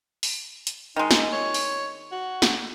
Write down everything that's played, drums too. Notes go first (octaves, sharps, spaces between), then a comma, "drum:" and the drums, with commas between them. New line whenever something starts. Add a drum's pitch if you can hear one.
drum: open hi-hat
drum: hi-hat
D#3 G#3 D#4
drum: snare
C#5
drum: open hi-hat
F#4
drum: snare